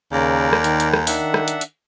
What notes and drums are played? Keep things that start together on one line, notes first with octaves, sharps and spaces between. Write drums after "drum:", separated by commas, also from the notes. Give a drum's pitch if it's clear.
D#2 C#3 A#4 D5
drum: rim click
D#3, drum: hi-hat
drum: hi-hat
drum: rim click
D#3 D4 E5 F#5, drum: open hi-hat
drum: rim click
drum: hi-hat
drum: hi-hat